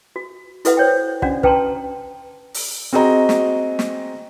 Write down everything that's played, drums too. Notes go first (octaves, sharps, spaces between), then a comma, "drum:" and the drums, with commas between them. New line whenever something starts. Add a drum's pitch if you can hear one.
F#4
E4 F#4 A4 B4 E5 F#5, drum: hi-hat
C5 C#5 G5
C#4 D4 F#4 D5 F#5, drum: kick
B4 G5 A5 A#5 C6, drum: kick
drum: open hi-hat
C4 F#4 G#4 D#5 A#5
drum: snare
drum: snare